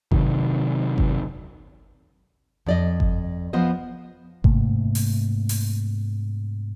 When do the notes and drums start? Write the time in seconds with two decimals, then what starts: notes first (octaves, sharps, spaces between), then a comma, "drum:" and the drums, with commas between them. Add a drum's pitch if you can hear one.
0.11 C3 D#3 F#3, drum: kick G1
0.98 drum: kick G1
2.66 F2 D5 D#5
3.00 drum: kick G1
3.53 F3 B3 F4 C5 D#5
4.44 G#2 C3 A3 A#3, drum: kick G1
4.95 drum: open hi-hat
5.49 drum: open hi-hat